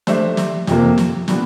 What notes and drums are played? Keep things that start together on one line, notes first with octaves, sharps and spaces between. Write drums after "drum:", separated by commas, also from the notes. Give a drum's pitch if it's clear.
A3 D4 G4 C5 E5, drum: snare
drum: snare
F2 C3 F3 A#3, drum: snare
drum: snare
A#2 G3 B3 D4 F4, drum: snare